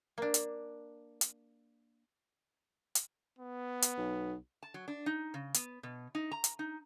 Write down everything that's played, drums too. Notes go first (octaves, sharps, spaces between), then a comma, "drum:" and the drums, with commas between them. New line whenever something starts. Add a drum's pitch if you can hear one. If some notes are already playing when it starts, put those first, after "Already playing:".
A#3 D4
drum: hi-hat
drum: hi-hat
drum: hi-hat
B3
drum: hi-hat
B1
A5
F#3
D4
D#4
C#3
B3, drum: hi-hat
B2
D#4
A#5
drum: hi-hat
D#4